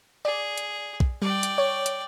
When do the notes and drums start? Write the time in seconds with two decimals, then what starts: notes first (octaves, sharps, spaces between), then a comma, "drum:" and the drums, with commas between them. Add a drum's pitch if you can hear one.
0.25 G#4 D5
0.58 drum: hi-hat
1.00 drum: kick
1.22 G3 D5 G5
1.43 drum: hi-hat
1.58 C#5
1.86 drum: hi-hat